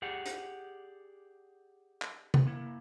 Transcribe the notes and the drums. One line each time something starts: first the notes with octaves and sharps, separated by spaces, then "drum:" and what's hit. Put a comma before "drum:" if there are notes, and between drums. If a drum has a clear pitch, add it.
G4 G#4 D5 F#5
drum: hi-hat
drum: clap
drum: tom C3
A#3 E4